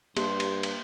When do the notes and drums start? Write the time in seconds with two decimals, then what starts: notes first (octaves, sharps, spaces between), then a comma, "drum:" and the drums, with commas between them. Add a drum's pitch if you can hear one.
0.17 G2 A#3 G4 C5, drum: cymbal
0.40 drum: cymbal
0.63 drum: cymbal